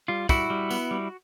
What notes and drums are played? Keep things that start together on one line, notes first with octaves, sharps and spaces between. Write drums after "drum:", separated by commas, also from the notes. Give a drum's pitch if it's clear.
G3 F4
G3 E4 F#4, drum: kick, tambourine
G3
B3, drum: tambourine
G3